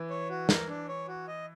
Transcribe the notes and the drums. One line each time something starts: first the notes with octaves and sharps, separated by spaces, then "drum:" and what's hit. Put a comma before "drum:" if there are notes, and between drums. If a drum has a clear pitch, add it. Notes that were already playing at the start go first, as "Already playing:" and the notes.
Already playing: E3
C#5
F#4
A#4, drum: snare
D4
C#5
F#4
D#5